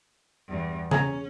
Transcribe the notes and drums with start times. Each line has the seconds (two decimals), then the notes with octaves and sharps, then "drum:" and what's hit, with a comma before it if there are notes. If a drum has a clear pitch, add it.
0.48 E2 G2
0.91 C#4 G#4 A#5, drum: tom C#3